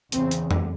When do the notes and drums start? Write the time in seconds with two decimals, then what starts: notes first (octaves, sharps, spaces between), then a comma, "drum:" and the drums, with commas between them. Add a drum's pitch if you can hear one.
0.12 E2 C#3 C4, drum: hi-hat
0.31 drum: hi-hat
0.51 drum: tom F2